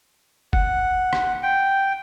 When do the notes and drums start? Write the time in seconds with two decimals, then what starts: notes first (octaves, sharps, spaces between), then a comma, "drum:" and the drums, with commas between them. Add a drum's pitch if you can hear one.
0.53 F#5, drum: kick F1
1.13 drum: rim click
1.42 G5